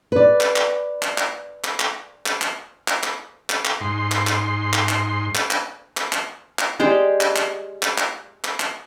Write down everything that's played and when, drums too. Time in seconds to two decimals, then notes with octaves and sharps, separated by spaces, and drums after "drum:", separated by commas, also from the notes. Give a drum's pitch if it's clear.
0.12 B4 D5
0.41 drum: clap
0.56 drum: clap
1.02 drum: clap
1.18 drum: clap
1.64 drum: clap
1.80 drum: clap
2.26 drum: clap
2.42 drum: clap
2.88 drum: clap
3.03 drum: clap
3.50 drum: clap
3.65 drum: clap
3.81 G#2 C6
4.12 drum: clap
4.27 drum: clap
4.73 drum: clap
4.89 drum: clap
5.35 drum: clap
5.51 drum: clap
5.97 drum: clap
6.13 drum: clap
6.59 drum: clap
6.80 G#3 G4 C5 D5
7.21 drum: clap
7.36 drum: clap
7.83 drum: clap
7.98 drum: clap
8.44 drum: clap
8.60 drum: clap